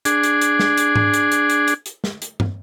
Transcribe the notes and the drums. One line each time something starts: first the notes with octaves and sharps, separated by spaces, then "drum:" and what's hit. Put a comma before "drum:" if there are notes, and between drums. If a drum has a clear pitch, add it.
D4 G#4, drum: hi-hat
drum: hi-hat
drum: hi-hat
drum: snare
drum: hi-hat
drum: tom G#2
drum: hi-hat
drum: hi-hat
drum: hi-hat
drum: hi-hat
drum: hi-hat
drum: snare
drum: hi-hat
drum: tom